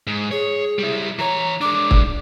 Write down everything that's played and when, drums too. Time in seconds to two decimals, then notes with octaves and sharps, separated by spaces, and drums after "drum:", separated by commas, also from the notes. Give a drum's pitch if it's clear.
0.07 G#2
0.31 G#4 C#5
0.79 G3 E4
1.19 E3 C#5 A#5
1.61 G#3 D4 D6
1.91 drum: kick